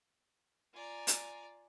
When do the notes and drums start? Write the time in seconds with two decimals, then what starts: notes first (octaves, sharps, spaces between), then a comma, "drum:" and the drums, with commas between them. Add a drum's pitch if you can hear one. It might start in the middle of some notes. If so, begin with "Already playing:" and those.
0.74 F4 D5 G#5 A#5
1.07 drum: hi-hat